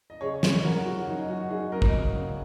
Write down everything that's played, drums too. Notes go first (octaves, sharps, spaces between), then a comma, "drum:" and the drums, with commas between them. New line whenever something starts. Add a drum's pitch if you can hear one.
D#5
C#3 G#4 C#5
F#2 G#4 C#5, drum: snare
F#2 F#4 A#4
C#3 F#4
F#4
F#2 D#4
F#2 F#4
F#2 D#4 G#4
F#2 A#4 D#5
drum: kick
C#3
C#3